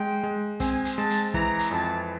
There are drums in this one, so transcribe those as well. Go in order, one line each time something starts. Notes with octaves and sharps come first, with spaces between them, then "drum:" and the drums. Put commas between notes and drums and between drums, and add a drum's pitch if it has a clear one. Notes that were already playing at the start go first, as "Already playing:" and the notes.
Already playing: G#3 G5
G#3
C4 G#5, drum: kick, hi-hat
drum: hi-hat
G#3 A5
drum: hi-hat
E3 A#5, drum: kick
drum: hi-hat
F2 A5